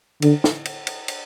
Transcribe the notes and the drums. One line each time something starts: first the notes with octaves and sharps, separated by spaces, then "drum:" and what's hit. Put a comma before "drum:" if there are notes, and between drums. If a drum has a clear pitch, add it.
D3, drum: cymbal
drum: snare
drum: cymbal
drum: cymbal
drum: cymbal